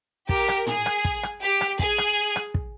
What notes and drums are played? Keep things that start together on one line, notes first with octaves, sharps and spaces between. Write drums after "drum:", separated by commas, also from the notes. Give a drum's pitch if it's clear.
G4 A#4, drum: kick
drum: rim click
G#4, drum: tom
drum: rim click
drum: kick
drum: rim click
G4
drum: rim click
G#4, drum: kick
drum: rim click
drum: rim click
drum: kick